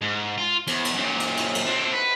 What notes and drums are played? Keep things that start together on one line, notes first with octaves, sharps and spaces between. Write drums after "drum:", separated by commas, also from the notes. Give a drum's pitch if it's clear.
G#2
F4
E2, drum: cymbal
drum: cymbal
F#2 A#2
drum: cymbal
drum: cymbal
drum: cymbal
C4 D4
B4